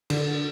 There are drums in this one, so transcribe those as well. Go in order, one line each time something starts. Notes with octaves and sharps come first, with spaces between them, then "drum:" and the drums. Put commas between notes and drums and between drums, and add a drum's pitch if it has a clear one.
D3, drum: cymbal